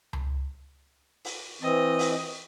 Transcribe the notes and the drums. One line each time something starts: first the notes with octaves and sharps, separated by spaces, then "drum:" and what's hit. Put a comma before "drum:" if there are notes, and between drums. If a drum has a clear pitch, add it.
drum: tom C#2
drum: open hi-hat
E3 C4 D#5
drum: open hi-hat